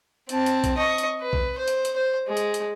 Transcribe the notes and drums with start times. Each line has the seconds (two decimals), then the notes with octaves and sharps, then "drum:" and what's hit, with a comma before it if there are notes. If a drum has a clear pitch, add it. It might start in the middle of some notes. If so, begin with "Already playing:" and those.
0.29 C4 A5, drum: hi-hat
0.46 drum: hi-hat
0.64 drum: kick B1, hi-hat
0.77 D#5 C#6
0.98 drum: hi-hat
1.22 B4
1.33 drum: kick B1
1.58 C5
1.68 drum: hi-hat
1.85 drum: hi-hat
1.96 C5
2.28 G#3
2.37 drum: hi-hat
2.54 drum: hi-hat